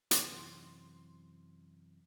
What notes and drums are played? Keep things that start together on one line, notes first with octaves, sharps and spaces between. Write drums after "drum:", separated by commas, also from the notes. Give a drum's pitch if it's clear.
F#2 C3 E3 B3 C#4 C6, drum: hi-hat